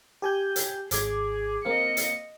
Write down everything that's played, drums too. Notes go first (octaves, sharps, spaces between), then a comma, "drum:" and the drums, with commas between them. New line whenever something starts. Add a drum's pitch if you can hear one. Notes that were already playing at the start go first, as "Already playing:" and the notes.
G4 G#5 G6
drum: hi-hat
G#1 G#4 D6 G#6, drum: hi-hat
A#3 C4 D#5 F5 C#7
drum: hi-hat